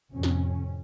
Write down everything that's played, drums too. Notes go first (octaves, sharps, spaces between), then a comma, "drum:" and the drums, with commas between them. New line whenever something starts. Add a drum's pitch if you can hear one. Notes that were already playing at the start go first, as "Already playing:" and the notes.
F2 A2 C3 C#4
drum: snare